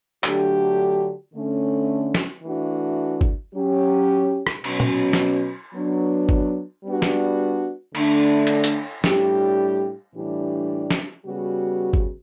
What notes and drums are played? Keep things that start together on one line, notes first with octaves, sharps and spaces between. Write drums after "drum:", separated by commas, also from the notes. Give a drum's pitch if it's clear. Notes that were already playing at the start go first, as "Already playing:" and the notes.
D3 F#3 A3 D4 G4, drum: clap
D3 A3 C#4
drum: snare
E3 A3 D4 F#4
drum: kick G1
F#3 C#4 G4
drum: rim click
B2 F#3 C#4, drum: cymbal
drum: tom
drum: snare
F#3 B3 D4
drum: kick G1
G3 B3 D4 F#4
drum: snare
D3 A3 D4, drum: cymbal
drum: cymbal
drum: hi-hat
A2 G3 D4 G4, drum: snare
A2 E3 G3 D4 G4
drum: snare
C#3 G3 B3 F#4
drum: kick G1